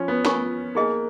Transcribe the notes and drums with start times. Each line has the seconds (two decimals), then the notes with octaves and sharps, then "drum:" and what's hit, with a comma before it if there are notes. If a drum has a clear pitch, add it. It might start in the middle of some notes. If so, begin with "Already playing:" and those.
Already playing: F3 C#4
0.08 B3
0.25 F4 A#4 C#5 G#5 C#6, drum: snare
0.75 A#3 D#4 G#4 D#5 G#5